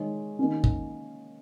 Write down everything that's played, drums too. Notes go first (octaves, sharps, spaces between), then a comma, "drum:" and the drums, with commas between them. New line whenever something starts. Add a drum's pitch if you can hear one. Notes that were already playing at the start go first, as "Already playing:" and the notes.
Already playing: D#3 G#3 D#4 G#4 C#5
D#3 A#3 C#4
drum: kick